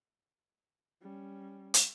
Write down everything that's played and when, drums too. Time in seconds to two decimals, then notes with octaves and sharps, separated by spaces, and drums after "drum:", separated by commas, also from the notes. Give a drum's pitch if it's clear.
1.02 G3 C#4
1.74 drum: hi-hat